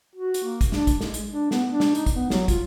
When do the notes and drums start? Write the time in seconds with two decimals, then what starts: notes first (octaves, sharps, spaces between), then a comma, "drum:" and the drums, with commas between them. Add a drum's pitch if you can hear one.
0.15 F#4
0.34 drum: hi-hat
0.44 A#3
0.61 drum: kick, hi-hat
0.72 D4, drum: snare
0.87 drum: kick, hi-hat
1.00 G#3, drum: snare
1.14 drum: hi-hat
1.32 D4
1.51 B3, drum: snare
1.70 D4
1.80 drum: snare
1.95 D#4, drum: hi-hat
2.06 drum: kick, hi-hat
2.16 B3
2.30 F#3, drum: snare
2.48 F4, drum: kick, hi-hat